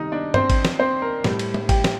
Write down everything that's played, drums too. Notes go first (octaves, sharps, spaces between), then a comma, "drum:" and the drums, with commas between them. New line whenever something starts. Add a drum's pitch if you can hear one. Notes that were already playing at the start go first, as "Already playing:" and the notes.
Already playing: C3 D#3 G3 D#4 D#5
D4 D5
C4 C5, drum: tom G2
drum: kick G#1, cymbal
drum: snare
C4 C5
A#4
A2 G3, drum: snare
drum: cymbal
drum: tom G3
G4 G5, drum: kick G#1, cymbal
drum: snare